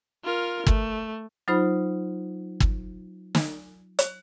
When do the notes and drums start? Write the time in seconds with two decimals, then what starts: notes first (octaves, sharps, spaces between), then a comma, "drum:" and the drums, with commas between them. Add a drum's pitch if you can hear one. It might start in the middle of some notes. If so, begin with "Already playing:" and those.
0.24 F4 A#4
0.67 A3, drum: kick
1.48 F#3 D#4 F4 C5 B5
2.60 drum: kick
3.35 drum: snare
3.99 drum: hi-hat